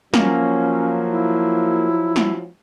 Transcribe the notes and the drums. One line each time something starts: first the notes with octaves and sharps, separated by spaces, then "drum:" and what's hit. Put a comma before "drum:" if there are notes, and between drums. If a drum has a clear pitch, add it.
F3 F#3 A#3 C#4, drum: snare
E4
drum: snare